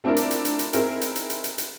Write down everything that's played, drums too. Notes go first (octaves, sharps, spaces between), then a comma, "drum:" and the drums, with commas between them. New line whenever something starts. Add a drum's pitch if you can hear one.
A3 C4 D4 E4 F4 A#4
drum: hi-hat
drum: hi-hat
drum: hi-hat
drum: hi-hat
C4 D#4 E4 G#4 A#4, drum: hi-hat
drum: hi-hat
drum: hi-hat
drum: hi-hat
drum: hi-hat
drum: hi-hat